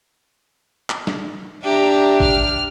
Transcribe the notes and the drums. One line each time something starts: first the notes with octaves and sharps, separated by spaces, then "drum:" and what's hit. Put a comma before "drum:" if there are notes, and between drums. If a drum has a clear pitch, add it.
drum: clap
drum: snare
D4 G4 E5 A#5
F6, drum: kick